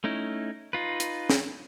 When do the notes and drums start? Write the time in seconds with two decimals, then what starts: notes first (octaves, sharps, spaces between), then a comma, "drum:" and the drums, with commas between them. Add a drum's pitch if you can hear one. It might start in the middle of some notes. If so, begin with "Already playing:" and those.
0.04 A3 C#4 D#4 E4
0.73 D#4 F4 B4
1.00 drum: hi-hat
1.30 drum: snare